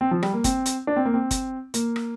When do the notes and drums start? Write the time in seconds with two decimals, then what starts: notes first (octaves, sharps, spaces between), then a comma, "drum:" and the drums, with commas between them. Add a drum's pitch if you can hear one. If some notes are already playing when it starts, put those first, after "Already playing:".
0.01 C4
0.11 F3
0.23 G3, drum: rim click
0.33 A#3
0.44 C4, drum: kick, hi-hat
0.66 drum: hi-hat
0.87 D4
0.96 C4
1.05 A#3
1.14 C4
1.31 drum: kick, hi-hat
1.74 A#3, drum: hi-hat
1.96 drum: rim click